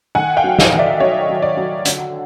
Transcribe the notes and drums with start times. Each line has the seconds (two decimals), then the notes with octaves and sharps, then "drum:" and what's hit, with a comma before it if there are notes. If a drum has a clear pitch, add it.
0.15 D#3 F#5 G#5
0.37 F5 G5
0.44 F#3
0.59 D#5 F5, drum: snare
0.73 D#3
0.79 D5 E5
1.00 F#3 C#5 D#5
1.29 F#3
1.42 D5
1.57 F#3
1.85 D3, drum: hi-hat